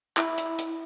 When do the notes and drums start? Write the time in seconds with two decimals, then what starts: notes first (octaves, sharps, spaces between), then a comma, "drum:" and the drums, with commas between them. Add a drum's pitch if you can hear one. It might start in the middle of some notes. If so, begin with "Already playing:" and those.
0.17 E4, drum: clap
0.38 drum: hi-hat
0.59 drum: hi-hat